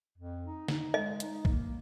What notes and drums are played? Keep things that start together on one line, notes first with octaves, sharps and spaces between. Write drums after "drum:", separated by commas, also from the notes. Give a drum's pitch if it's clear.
F2
D#4
D#4, drum: snare
G#3 D#5
D#4, drum: hi-hat
A#3, drum: kick